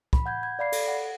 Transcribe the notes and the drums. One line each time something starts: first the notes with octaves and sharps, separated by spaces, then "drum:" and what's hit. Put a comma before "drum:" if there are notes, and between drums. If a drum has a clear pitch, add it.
B5, drum: kick
F#5 G6 G#6
G#6
D5 F5 B5 C7
A4, drum: cymbal
F#5